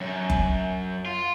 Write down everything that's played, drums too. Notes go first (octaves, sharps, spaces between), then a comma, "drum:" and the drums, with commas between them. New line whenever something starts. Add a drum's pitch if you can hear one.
F#2
drum: kick F#1
F4